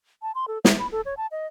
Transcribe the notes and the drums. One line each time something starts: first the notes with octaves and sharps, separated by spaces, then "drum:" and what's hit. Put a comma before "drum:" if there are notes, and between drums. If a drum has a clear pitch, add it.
A5
C6
A4
E5, drum: snare
B5
A4
C#5
A5
D#5